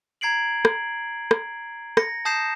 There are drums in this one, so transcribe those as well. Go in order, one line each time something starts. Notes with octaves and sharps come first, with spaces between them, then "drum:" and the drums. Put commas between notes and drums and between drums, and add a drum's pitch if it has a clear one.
A#5 G#6 C7 D7 F#7
drum: rim click
drum: rim click
A#6 C#7, drum: rim click
A5 D#6 G6 A#6 C7 E7